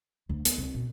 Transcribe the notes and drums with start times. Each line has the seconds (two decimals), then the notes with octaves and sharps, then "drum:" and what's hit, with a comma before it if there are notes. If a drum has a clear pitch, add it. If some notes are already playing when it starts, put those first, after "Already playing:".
0.29 D2
0.45 B3, drum: hi-hat
0.58 C2
0.74 B2